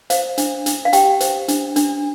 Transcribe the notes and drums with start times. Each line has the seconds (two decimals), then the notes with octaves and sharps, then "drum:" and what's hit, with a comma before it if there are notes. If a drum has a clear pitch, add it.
0.10 C5 F5, drum: hi-hat
0.38 D4, drum: hi-hat
0.66 D4, drum: hi-hat
0.85 F5
0.93 G4 G5, drum: hi-hat
1.20 C5, drum: hi-hat
1.48 D4, drum: hi-hat
1.76 D4, drum: hi-hat